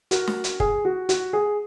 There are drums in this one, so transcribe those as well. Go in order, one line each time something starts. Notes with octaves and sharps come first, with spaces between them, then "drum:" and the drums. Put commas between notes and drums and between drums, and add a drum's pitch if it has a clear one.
F#4 A#4, drum: hi-hat
drum: snare
drum: hi-hat
G#4, drum: kick
F#4
F#4, drum: hi-hat
G#4